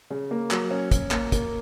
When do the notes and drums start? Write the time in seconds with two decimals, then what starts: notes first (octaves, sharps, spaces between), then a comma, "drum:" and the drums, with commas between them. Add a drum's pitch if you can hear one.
0.10 C#3
0.31 A#3
0.51 F#3, drum: clap
0.71 C#4
0.91 C#4, drum: kick, hi-hat
1.11 A#3, drum: clap
1.32 A#3, drum: kick, hi-hat